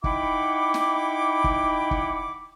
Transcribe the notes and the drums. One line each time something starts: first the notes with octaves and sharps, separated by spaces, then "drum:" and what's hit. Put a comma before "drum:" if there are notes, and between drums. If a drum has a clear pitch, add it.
D#4 E4 F#5 G5 B5 D6, drum: kick
drum: snare
drum: kick
drum: kick